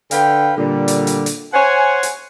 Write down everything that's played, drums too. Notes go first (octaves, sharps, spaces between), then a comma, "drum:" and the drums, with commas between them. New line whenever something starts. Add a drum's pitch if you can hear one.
D3 B4 F5 G5, drum: hi-hat
A#2 D3 G3
drum: hi-hat
drum: hi-hat
drum: hi-hat
C5 C#5 F#5 G#5
drum: hi-hat